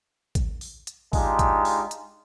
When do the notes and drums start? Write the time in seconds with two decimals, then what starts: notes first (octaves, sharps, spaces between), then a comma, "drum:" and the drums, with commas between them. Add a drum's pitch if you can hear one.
0.35 drum: kick, hi-hat
0.61 drum: open hi-hat
0.87 drum: hi-hat
1.13 G#3 D4 D#4 F4 G4, drum: kick, open hi-hat
1.39 drum: kick, hi-hat
1.65 drum: open hi-hat
1.91 drum: hi-hat